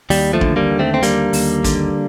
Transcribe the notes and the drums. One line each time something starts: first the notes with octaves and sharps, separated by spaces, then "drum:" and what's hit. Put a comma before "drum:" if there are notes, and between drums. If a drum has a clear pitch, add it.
D#2 G3, drum: open hi-hat
F3 A3
D3, drum: kick
G3 A#3
D#2
A3 C4
C4
D3 G3 A#3, drum: hi-hat
D#2, drum: open hi-hat
D3, drum: kick, hi-hat